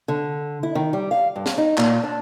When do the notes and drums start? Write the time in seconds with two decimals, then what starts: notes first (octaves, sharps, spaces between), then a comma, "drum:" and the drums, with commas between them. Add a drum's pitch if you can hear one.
0.08 D3
0.63 E4
0.75 D#3
0.93 G3
1.11 F5
1.36 G2
1.46 drum: snare
1.58 D#4
1.78 A#2, drum: clap
2.03 D4